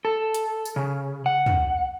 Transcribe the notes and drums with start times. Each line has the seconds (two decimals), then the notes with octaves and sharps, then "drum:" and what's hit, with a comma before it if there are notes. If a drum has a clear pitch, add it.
0.05 A4
0.34 drum: hi-hat
0.65 drum: tambourine
0.76 C#3
1.26 F#5
1.46 drum: tom